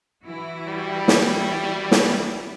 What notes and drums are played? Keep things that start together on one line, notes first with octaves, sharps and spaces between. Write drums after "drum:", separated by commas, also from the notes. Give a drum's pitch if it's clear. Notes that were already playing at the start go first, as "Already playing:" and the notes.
E3 E4 F#4
G3
drum: snare
drum: snare